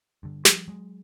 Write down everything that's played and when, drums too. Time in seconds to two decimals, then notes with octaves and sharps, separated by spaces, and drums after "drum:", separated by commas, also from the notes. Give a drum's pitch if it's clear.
0.23 G2 D3
0.45 F3 G3, drum: snare
0.68 F#3 G#3